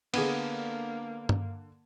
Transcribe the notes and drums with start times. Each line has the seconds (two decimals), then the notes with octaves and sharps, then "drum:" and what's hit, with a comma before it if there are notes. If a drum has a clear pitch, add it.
0.14 D3 A#3 B3 D4 G#4 G#6 D#7, drum: cymbal
1.29 drum: tom G2